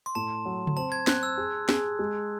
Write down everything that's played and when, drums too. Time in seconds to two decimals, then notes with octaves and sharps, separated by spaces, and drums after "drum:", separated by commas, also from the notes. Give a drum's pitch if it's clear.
0.06 C6
0.15 A2 A5
0.45 F#3
0.67 drum: tom C#3
0.77 C4 A5
0.92 G#6
1.07 C4 F#6, drum: snare
1.23 E6
1.38 G#4
1.69 G#4, drum: snare
1.99 G#3